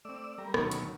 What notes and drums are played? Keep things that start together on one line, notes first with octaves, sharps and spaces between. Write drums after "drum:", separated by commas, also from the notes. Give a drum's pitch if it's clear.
A3 C4 D5 E6
G3 A3 A#4
D2 B2 D#3 F#3 C#4, drum: rim click
drum: hi-hat